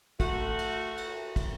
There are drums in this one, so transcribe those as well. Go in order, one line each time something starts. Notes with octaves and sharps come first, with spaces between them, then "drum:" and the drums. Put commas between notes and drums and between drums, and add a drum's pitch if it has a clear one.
A3 F#4, drum: kick, cymbal
drum: cymbal
drum: cymbal
drum: kick, cymbal